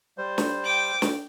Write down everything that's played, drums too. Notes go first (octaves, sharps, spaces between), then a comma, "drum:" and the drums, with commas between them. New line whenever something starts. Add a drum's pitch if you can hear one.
G3 C5
drum: snare
G5 D6
drum: snare